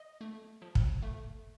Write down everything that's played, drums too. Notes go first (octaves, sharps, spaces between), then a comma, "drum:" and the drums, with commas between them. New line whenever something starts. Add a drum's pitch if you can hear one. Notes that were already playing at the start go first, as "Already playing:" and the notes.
Already playing: D#5
A3
F3
drum: kick
A3